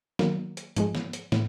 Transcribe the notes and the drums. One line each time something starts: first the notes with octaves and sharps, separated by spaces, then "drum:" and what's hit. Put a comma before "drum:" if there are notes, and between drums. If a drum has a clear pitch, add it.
D#3 F#3 A#3, drum: snare
drum: hi-hat
G#2 F3 G#3, drum: hi-hat
drum: snare
drum: hi-hat
A2, drum: snare